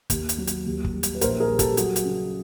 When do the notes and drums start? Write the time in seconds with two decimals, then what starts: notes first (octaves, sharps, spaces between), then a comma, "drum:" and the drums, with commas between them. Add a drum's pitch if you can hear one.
0.10 D#2, drum: kick, hi-hat
0.29 drum: hi-hat
0.38 F#3
0.47 drum: hi-hat
0.66 D#2
0.84 drum: kick
0.94 G3
1.03 drum: hi-hat
1.15 B4
1.21 A#1 A#4 C5, drum: hi-hat
1.40 G#4 A#4
1.49 G3
1.59 G4 A4, drum: kick, hi-hat
1.77 F#3 F#4 G#4, drum: hi-hat
1.96 drum: hi-hat
2.05 C#3